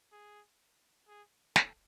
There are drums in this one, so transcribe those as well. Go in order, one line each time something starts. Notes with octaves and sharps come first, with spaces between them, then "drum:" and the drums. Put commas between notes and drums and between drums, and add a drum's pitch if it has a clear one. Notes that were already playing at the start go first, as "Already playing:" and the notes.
G#4
G#4
A4, drum: snare